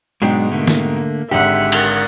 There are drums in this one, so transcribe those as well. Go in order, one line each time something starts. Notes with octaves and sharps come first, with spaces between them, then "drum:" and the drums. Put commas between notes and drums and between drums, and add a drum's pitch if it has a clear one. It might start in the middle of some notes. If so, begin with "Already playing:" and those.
G#2 B2 F#3 G#3 D4 G5
D3 A3 A#3
drum: snare
G#1 G#2 D3 G4 E5 F#5
A#4 F#5, drum: cymbal